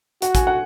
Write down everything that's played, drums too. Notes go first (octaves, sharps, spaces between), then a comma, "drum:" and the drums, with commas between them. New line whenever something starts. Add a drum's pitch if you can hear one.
F#4 F#5, drum: hi-hat
G#5, drum: kick, hi-hat
F#5